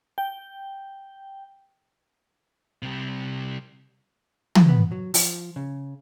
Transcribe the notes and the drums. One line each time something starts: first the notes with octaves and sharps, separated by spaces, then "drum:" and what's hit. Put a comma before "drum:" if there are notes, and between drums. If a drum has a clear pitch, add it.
G5
C3 G3
drum: tom
B3
F#3
F3, drum: open hi-hat
C#3